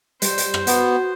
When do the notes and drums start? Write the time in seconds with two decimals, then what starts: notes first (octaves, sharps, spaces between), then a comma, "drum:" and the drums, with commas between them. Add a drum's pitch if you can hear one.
0.22 G3 C5, drum: hi-hat
0.38 drum: hi-hat
0.54 drum: rim click
0.67 B3 F#4, drum: hi-hat